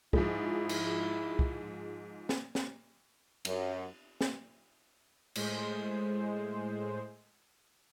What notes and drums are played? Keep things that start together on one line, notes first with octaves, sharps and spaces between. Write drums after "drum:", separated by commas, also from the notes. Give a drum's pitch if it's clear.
G#2 F3 G#3 E4, drum: kick
drum: cymbal
drum: kick
drum: snare
drum: snare
F#2, drum: cymbal
drum: snare
A2 G#3 C5, drum: cymbal